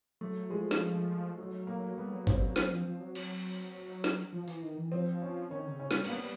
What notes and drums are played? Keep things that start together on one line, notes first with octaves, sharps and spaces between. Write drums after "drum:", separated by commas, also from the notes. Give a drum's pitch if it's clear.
F#3 A3
F3 G#3
drum: snare
F#3 A3
A#3
G3 B3
F#3
G3 C4, drum: kick G#1
F#3
F#3 C4, drum: snare
F3
F3
F#3
F#3, drum: cymbal
drum: snare
F3
F3
E3, drum: open hi-hat
D#3
E3
F3 C4
C#4
D#3 C#4
D3
C#3
C#4
G3, drum: snare
A#3, drum: cymbal
G3 B3